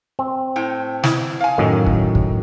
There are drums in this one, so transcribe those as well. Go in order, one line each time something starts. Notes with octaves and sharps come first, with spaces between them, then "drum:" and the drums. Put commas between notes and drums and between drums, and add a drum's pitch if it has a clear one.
C4
A2 G5
B3 E4, drum: snare
F5 G#5
F#2 A2 D#3
drum: kick
drum: kick